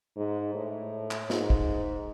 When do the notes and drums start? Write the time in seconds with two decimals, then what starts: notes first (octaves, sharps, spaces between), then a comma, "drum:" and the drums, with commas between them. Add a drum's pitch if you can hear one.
0.17 G#2
0.55 A2
1.11 drum: clap
1.30 G#2, drum: snare
1.50 drum: kick